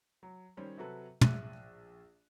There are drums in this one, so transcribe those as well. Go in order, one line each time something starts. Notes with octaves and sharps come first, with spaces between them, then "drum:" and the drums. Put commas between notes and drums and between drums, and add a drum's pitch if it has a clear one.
F#3
D#3 G3 C#4 C5 C#5
C3 F#3 F#4 A4 B4
A#1 E5 F#6 D#7, drum: tom